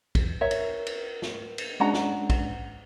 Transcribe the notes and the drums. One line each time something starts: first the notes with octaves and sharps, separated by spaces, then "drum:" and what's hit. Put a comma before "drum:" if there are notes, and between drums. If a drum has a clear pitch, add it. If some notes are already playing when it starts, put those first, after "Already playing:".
E2, drum: kick, cymbal
A#4 C#5 E5
drum: cymbal
drum: cymbal
drum: snare
drum: cymbal
G#3 C#4 D4 F#4 F#5 A#5
drum: snare
drum: kick, cymbal